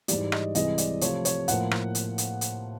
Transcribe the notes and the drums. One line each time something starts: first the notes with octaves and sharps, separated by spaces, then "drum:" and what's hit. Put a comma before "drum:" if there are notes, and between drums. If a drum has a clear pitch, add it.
G#2 E3 G3 D5, drum: hi-hat
D#5, drum: rim click
C2 C3 E3 G#3 D#5, drum: hi-hat
D5, drum: hi-hat
C3 F3 A3 C#5, drum: hi-hat
C#5, drum: hi-hat
A2 F3 A#3 F#5, drum: hi-hat
drum: rim click
drum: hi-hat
drum: hi-hat
drum: hi-hat